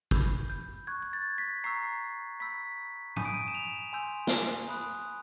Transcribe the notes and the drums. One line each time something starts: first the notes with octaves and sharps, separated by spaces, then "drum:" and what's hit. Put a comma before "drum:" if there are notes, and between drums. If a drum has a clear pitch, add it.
B5 E6 G6, drum: kick
G6
C#6 F#6 G#6
G#6
A6
B6
A#5 C#6 E6 G6 C7
B5 E6 G6 B6
G#5 B5 D#6 G6 D#7, drum: tom
D7
D#7
E7
F7
G#5 C6 E6 G6
drum: snare
B5 D#6 F#6